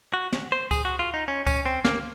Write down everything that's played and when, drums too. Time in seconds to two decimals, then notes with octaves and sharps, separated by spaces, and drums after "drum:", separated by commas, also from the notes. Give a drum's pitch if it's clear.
0.14 F#4
0.32 drum: snare
0.52 C5
0.71 G#4, drum: kick C#2, tambourine
0.85 F#4
0.99 F4
1.14 D#4
1.28 C#4
1.47 C#4, drum: kick C#2, tambourine
1.66 C4
1.85 A#3, drum: snare